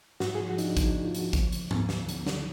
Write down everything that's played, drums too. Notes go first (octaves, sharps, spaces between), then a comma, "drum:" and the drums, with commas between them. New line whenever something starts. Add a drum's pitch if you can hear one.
G#2 F#4, drum: snare
F3 G#4
F#4
F3 D4 D#4, drum: hi-hat
F3 D#4, drum: kick, hi-hat
F3 D4
F4
F3 F#4, drum: hi-hat
F3, drum: kick, hi-hat
D3, drum: hi-hat
D2, drum: tom G#2
D3, drum: snare
D3, drum: hi-hat
D3, drum: snare